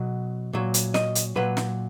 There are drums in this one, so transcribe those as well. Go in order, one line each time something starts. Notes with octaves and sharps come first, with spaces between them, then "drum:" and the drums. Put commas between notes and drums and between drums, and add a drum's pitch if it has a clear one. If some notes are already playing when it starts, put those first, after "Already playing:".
Already playing: B2 F#3
A#2 F#3
drum: hi-hat
D#5, drum: snare
drum: hi-hat
A#2 F#3 B4
drum: snare